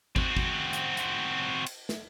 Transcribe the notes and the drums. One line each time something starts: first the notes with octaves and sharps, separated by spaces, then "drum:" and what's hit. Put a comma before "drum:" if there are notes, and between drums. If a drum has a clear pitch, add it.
C4 F#4, drum: kick
drum: kick
drum: hi-hat
drum: hi-hat
drum: cymbal
drum: snare